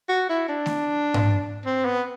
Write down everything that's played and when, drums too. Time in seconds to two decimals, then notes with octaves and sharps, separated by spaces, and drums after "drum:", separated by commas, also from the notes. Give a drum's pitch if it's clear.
0.09 F#4
0.30 E4
0.49 D4
0.66 drum: snare A3
1.14 drum: tom G#2
1.66 C4
1.85 B3